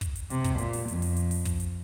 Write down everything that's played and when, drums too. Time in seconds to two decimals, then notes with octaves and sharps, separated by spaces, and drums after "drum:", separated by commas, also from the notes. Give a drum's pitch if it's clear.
0.01 drum: kick, hi-hat
0.15 drum: hi-hat
0.30 C3, drum: hi-hat
0.44 drum: kick, hi-hat
0.58 A#2, drum: hi-hat
0.73 drum: open hi-hat
0.88 F2, drum: hi-hat
1.02 drum: open hi-hat
1.16 drum: hi-hat
1.31 drum: open hi-hat
1.45 drum: kick, hi-hat
1.60 drum: hi-hat